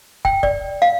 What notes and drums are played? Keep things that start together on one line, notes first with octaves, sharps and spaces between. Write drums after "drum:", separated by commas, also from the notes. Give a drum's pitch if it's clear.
G5, drum: kick
D5, drum: kick
F5